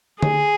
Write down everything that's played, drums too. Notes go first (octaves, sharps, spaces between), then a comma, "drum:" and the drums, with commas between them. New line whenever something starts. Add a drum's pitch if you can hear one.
G#4, drum: tom D3